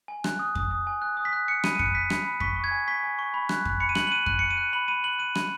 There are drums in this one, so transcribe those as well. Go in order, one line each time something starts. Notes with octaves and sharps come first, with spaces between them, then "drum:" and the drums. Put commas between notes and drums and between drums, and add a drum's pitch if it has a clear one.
G#5
F#6, drum: rim click
D#6
D#6, drum: kick F2
D#6
G#5
F#6
D#6
B6
F#6
F#6 C#7
B5 D#7, drum: rim click
D#7
F#6 C#7, drum: kick F2
F#6 B6
B5, drum: rim click
B5
C#6 B6, drum: kick F2
C#6
G#6
G#5
C#6 B6
G#5
C#6
B5
F#6, drum: rim click
F#6, drum: kick F2
B5 C#7
D#7
F#6 F#7, drum: rim click
F#7
F#6 D#7
F#6, drum: kick F2
F#6 C#7
D#7
F#6
B5 F#7
B5 D#7
F#6 F#7
F#6 D#7
B5, drum: rim click